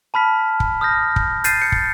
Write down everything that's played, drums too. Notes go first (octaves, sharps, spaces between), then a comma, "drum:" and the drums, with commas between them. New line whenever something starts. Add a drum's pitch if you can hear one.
A5 B5 F6 B6
drum: kick
D#6 F6 G6 A#6
drum: kick
G6 A6 C7 D#7, drum: hi-hat
G6 C#7
drum: kick